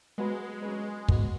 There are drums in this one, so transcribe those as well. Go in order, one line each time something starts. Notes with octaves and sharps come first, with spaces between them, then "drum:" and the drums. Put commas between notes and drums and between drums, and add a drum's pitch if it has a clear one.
F#3 G#3 B3 F#4 B4
F#3 C#4 B4
B2 B3 F#4, drum: kick